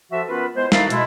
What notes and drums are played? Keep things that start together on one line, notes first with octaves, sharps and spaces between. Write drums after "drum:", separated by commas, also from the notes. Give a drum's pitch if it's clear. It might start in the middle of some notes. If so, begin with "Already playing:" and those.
F3 F#4 A4 E5
B3 C#4 F4 A#4 B4
G#3 B3 E4 C5
D#4 E4 F#4 A4 A#4 F5, drum: snare
B2 G#3 E4, drum: hi-hat